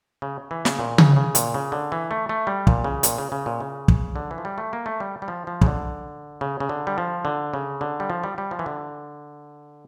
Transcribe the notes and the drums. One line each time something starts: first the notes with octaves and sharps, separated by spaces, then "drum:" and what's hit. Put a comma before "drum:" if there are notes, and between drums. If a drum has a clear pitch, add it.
C#3
E3
C#3, drum: snare
A#2
C#3, drum: tom C#3
C#3
A#2, drum: hi-hat
C#3
D3
E3
A3
A3
G3
A#2, drum: kick
C#3
A#2, drum: hi-hat
C#3
C#3
A#2
C#3
drum: kick
D3
E3
F3
G3
A3
A#3
A3
G3
G3
F3
F3
C#3, drum: kick
D3
C#3
C#3
D3
G3
F3
D3
C#3
D3
G3
F3
G3
G3
F3
E3
D3